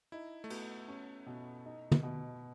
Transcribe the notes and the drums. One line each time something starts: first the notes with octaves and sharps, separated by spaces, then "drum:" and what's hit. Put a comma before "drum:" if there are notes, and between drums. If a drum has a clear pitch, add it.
D#4 E4
A3
B3 F#4, drum: cymbal
C#4
B2
D#4
drum: tom
B2